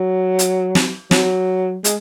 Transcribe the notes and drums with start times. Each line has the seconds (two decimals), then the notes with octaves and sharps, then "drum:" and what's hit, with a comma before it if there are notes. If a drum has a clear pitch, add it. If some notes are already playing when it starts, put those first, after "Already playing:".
Already playing: F#3
0.39 drum: hi-hat
0.75 drum: snare
1.11 F#3, drum: snare
1.84 G#3, drum: hi-hat